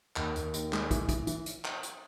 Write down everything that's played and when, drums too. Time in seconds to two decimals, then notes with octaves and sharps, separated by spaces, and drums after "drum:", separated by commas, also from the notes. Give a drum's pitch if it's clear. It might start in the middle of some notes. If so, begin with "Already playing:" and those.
0.16 D#2, drum: clap
0.36 D#2, drum: hi-hat
0.54 D#2, drum: hi-hat
0.73 G#3, drum: clap
0.91 E3, drum: kick, hi-hat
1.09 E3, drum: kick, hi-hat
1.27 E3, drum: hi-hat
1.46 drum: hi-hat
1.65 drum: clap
1.83 drum: hi-hat